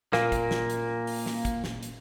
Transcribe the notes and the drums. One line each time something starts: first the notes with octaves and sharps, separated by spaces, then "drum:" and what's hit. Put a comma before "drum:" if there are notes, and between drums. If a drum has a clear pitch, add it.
A#2 A#3, drum: snare
drum: kick, hi-hat
drum: snare
drum: hi-hat
drum: open hi-hat
drum: snare
drum: kick, hi-hat
drum: snare
drum: hi-hat